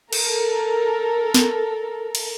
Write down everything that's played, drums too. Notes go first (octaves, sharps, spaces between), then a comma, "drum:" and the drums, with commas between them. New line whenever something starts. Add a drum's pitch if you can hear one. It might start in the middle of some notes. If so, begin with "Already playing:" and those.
A4 A#4, drum: cymbal
drum: snare
drum: cymbal